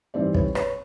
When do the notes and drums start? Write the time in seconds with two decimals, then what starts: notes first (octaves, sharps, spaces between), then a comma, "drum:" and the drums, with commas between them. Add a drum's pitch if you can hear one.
0.14 G#2 E3 G3 C4 C5 D5
0.34 B4 C#5, drum: kick
0.55 B4 C#5, drum: rim click